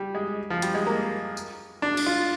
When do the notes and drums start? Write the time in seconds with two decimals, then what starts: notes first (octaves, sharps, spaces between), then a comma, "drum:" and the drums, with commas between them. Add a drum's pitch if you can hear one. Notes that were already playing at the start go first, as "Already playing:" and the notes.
Already playing: G3
0.15 G#3
0.50 F3
0.62 G3, drum: hi-hat
0.75 G#3
0.87 A#3
1.37 drum: tambourine
1.82 D4
1.97 drum: cymbal
2.06 F4